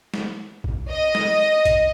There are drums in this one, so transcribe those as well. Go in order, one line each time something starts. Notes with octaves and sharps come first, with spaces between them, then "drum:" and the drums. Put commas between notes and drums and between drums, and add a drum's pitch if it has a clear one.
drum: snare
drum: kick A1
D#5
drum: snare
drum: kick A1, hi-hat